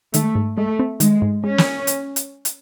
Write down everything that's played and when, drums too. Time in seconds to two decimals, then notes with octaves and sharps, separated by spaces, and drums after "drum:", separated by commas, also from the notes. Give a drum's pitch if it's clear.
0.14 D#3 A3, drum: hi-hat
0.35 G#2
0.57 G#3 A3
0.79 C4
1.00 D#3 G#3, drum: hi-hat
1.22 G#2
1.44 G#3 C#4
1.58 drum: snare
1.87 drum: hi-hat
2.16 drum: hi-hat
2.45 drum: hi-hat